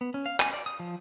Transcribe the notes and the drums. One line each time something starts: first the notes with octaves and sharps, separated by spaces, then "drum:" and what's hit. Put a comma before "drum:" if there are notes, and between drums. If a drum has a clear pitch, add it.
B3
C#4
F5
G#5, drum: clap
D5
D#6
F3